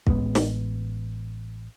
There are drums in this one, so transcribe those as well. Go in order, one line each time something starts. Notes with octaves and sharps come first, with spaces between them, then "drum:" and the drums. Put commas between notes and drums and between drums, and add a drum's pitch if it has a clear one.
A1 G#3 B3, drum: kick
drum: snare